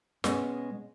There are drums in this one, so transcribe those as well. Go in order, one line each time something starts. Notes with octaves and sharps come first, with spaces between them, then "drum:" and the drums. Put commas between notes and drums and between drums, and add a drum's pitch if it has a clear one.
B2 G#3 B3 C#4, drum: snare